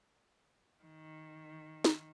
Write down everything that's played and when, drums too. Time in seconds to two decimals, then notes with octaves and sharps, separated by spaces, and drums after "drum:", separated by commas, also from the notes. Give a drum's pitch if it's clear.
0.83 D#3
1.84 drum: snare